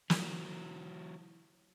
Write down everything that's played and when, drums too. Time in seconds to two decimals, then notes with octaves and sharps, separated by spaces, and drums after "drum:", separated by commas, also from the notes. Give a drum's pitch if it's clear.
0.10 E3 F#3, drum: snare